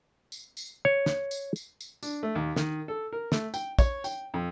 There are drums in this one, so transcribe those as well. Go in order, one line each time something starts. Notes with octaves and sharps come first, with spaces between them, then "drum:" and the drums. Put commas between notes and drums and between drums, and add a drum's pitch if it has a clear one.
drum: tambourine
drum: tambourine
C#5
drum: snare
drum: tambourine
drum: tambourine
drum: tambourine
D4, drum: tambourine
A3
D#2
D#3, drum: snare
A4
A#4
A3, drum: snare
G5, drum: tambourine
C#5, drum: kick, tambourine
G5, drum: tambourine
F2